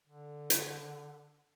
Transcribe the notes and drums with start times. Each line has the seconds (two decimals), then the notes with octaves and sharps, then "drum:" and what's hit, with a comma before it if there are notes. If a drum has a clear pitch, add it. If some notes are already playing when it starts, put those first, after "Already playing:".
0.07 D3
0.50 drum: hi-hat